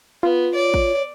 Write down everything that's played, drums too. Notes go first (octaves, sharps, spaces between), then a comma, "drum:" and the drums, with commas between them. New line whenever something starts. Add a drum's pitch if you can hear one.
B3 F4
C#5 D5
drum: kick